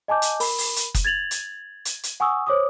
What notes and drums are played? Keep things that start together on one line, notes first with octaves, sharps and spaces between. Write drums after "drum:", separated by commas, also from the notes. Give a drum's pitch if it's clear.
D#5 G#5 A5 D6 G6
drum: hi-hat
A#4 B5, drum: open hi-hat
drum: open hi-hat
drum: hi-hat
drum: kick F#1, hi-hat
G#6 A6 F7 F#7
drum: hi-hat
drum: hi-hat
drum: hi-hat
F#5 G#5 C#6 D#6 E6
C5 C#5 D6 D#6